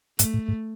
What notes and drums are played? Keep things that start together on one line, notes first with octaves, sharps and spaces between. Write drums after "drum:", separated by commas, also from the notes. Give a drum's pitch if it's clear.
G#2 A3, drum: hi-hat
A2
G#2